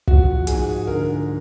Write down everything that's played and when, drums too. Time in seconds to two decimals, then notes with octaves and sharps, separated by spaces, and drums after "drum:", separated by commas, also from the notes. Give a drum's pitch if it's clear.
0.07 F3 F#4, drum: kick
0.47 G#2 G#4, drum: hi-hat
0.87 D3 A#4